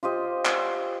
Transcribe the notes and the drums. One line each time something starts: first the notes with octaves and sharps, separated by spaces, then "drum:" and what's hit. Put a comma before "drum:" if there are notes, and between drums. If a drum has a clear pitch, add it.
F4 G4 C5 D#5
drum: clap